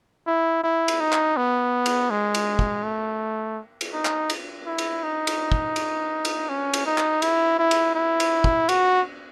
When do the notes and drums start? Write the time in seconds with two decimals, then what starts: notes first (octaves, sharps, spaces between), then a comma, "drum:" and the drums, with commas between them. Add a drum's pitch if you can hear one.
0.27 E4
0.64 E4
0.88 drum: cymbal
1.00 D#4
1.13 drum: clap
1.37 B3
1.86 drum: cymbal
2.10 G#3
2.34 drum: cymbal
2.59 drum: kick
2.84 A3
3.81 drum: cymbal
3.93 D#4
4.05 drum: clap
4.30 drum: cymbal
4.66 E4
4.78 drum: cymbal
5.03 D#4
5.27 drum: cymbal
5.52 drum: kick
5.76 drum: cymbal
6.25 drum: cymbal
6.49 C#4
6.74 drum: cymbal
6.86 D#4
6.98 drum: clap
7.22 E4, drum: cymbal
7.59 E4
7.71 drum: cymbal
7.95 E4
8.20 drum: cymbal
8.44 drum: kick
8.69 F#4, drum: cymbal